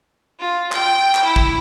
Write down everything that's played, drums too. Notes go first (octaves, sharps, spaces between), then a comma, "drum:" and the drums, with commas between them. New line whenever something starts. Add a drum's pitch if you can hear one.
F4
G5, drum: clap
drum: clap
E4
drum: kick